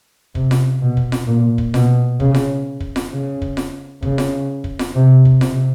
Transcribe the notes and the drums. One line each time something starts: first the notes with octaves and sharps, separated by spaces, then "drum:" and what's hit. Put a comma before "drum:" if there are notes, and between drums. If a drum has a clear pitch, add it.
C3, drum: kick
drum: snare F4
B2
drum: kick
drum: snare F4
A#2
drum: kick
B2, drum: snare F4
C#3, drum: kick
drum: snare F4
drum: kick
drum: snare F4
C#3
drum: kick
drum: snare F4
C#3, drum: kick
drum: snare F4
drum: kick
drum: snare F4
C3
drum: kick
C3, drum: snare F4